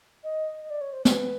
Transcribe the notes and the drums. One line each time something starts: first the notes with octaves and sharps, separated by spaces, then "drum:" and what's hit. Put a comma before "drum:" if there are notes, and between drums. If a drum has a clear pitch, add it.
D#5
D5
C#5
C5
B4, drum: snare